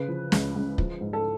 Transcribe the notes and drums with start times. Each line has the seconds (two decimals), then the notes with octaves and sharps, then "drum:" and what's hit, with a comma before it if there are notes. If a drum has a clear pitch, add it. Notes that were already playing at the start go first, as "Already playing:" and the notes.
Already playing: C#3 B4
0.08 F3
0.32 C#2, drum: snare
0.56 C#2
0.78 F3, drum: kick
1.01 G#2
1.13 A4